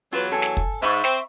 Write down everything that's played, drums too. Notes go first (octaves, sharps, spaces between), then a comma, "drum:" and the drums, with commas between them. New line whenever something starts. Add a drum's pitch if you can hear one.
E2 F#3 F4 B4
A4 G#5
drum: snare
drum: kick
G#2 E5 B5 C#6
C4, drum: snare